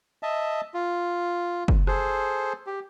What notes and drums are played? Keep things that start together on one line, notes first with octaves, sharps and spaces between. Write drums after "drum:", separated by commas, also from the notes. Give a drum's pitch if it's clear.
D#5 E5 A5
F4
drum: kick
G#4 A4 C5, drum: rim click
G4